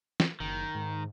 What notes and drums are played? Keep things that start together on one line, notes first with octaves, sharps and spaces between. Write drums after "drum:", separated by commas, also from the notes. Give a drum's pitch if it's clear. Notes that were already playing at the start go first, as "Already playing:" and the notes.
drum: snare
F#1 D#3
G#2